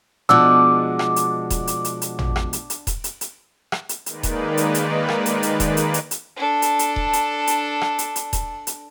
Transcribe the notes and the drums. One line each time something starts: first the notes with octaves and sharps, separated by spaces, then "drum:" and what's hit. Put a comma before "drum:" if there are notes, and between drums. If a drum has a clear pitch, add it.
B2 F3 G#3 D4 F#5 D6 E6
drum: rim click
drum: hi-hat
drum: kick D#1, hi-hat
drum: hi-hat
drum: hi-hat
drum: hi-hat
drum: tom
drum: rim click
drum: hi-hat
drum: hi-hat
drum: kick D#1, hi-hat
drum: hi-hat
drum: hi-hat
drum: rim click
drum: hi-hat
D#3 G#3 A#3 D#4 B4 D5, drum: hi-hat
drum: kick D#1, hi-hat
drum: hi-hat
drum: hi-hat
drum: rim click
drum: hi-hat
drum: hi-hat
drum: kick D#1, hi-hat
drum: hi-hat
drum: hi-hat
drum: hi-hat
D4 A4
drum: hi-hat
drum: hi-hat
drum: kick D#1
drum: hi-hat
drum: hi-hat
drum: rim click
drum: hi-hat
drum: hi-hat
drum: kick D#1, hi-hat
drum: hi-hat